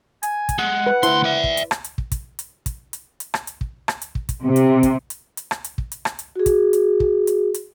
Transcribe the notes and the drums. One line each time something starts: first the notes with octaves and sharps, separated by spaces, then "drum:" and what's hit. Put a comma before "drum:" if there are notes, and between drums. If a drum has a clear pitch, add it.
G#5, drum: hi-hat
drum: kick, hi-hat
G#3 F#5
B4
D2 E4 C5 C6, drum: hi-hat
D5 E5
drum: kick
drum: hi-hat
drum: rim click
drum: hi-hat
drum: kick
drum: kick, hi-hat
drum: hi-hat
drum: kick, hi-hat
drum: hi-hat
drum: hi-hat
drum: rim click
drum: hi-hat
drum: kick
drum: rim click
drum: hi-hat
drum: kick
drum: kick, hi-hat
C3
drum: hi-hat
drum: kick, hi-hat
drum: hi-hat
drum: hi-hat
drum: rim click
drum: hi-hat
drum: kick
drum: hi-hat
drum: rim click
drum: hi-hat
F#4 G#4
drum: kick, hi-hat
drum: hi-hat
drum: kick
drum: hi-hat
drum: hi-hat